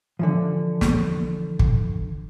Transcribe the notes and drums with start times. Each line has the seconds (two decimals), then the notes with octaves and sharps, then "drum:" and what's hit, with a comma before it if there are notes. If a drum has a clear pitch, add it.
0.19 D3 E3 F3
0.81 drum: snare
1.59 drum: kick